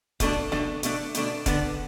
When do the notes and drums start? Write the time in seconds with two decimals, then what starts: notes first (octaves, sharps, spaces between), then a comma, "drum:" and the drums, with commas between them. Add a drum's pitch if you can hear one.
0.20 B2 A3 D4, drum: kick F1, hi-hat
0.52 B2 A3 D4, drum: snare
0.83 B2 A3 D4, drum: hi-hat
1.15 B2 A3 D4, drum: hi-hat
1.46 D3 B3 D4, drum: kick F1, hi-hat